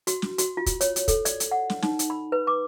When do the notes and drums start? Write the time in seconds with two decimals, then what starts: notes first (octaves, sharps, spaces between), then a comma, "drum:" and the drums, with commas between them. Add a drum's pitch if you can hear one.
0.07 F#4, drum: hi-hat
0.22 drum: snare
0.38 F#4, drum: hi-hat
0.57 F4
0.66 drum: kick, hi-hat
0.81 C#5, drum: hi-hat
0.96 drum: hi-hat
1.08 A4, drum: kick, hi-hat
1.25 D5, drum: hi-hat
1.40 drum: hi-hat
1.51 F#5
1.70 drum: snare
1.82 D#4, drum: snare
1.99 drum: hi-hat
2.10 B5
2.32 B4
2.47 D6